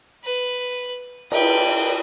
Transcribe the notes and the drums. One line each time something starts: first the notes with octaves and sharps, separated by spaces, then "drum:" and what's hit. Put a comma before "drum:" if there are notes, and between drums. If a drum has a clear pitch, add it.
B4
B4 G5, drum: cymbal